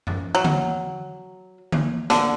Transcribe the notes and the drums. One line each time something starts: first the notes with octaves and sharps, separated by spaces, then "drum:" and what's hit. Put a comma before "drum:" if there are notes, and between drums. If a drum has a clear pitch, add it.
drum: tom F#2
F#3
drum: tom D3
drum: tom D3
D3, drum: snare